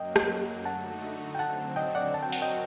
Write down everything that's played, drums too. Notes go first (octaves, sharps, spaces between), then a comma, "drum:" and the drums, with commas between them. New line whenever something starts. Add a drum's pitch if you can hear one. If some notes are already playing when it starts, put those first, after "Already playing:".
Already playing: F#2 F#3 A#3 D#5 G5
drum: rim click
D3 A3 D#4 F#4 F#5 A5
G5
D3 F#3 C4 F#5 A5
D#5 G5
D5 F#5
F#3 C4 F#4 A#4 A5
G5
F#5, drum: open hi-hat
D#5 G5